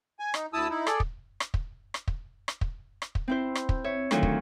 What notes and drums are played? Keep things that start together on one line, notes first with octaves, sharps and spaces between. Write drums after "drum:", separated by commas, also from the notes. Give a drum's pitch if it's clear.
G#5
D#4, drum: rim click
D2 E4 A5 D#6 E6
D#4 E4
G#4 A4 D5, drum: rim click
drum: kick
drum: rim click
drum: kick
drum: rim click
drum: kick
drum: rim click
drum: kick
drum: rim click
drum: kick
C4 E4 C5
drum: rim click
drum: kick
C#5 E5
D2 D#3 F#3 F4 C#5, drum: rim click
drum: kick